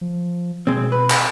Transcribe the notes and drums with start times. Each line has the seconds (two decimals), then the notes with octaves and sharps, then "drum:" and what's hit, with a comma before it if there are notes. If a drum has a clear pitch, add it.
0.01 F3
0.67 B2 G#3 C4
0.92 B4
1.10 drum: clap